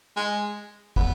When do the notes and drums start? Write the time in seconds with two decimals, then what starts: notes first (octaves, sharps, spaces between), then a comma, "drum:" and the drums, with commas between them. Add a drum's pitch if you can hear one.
0.17 G#3
0.96 B3, drum: kick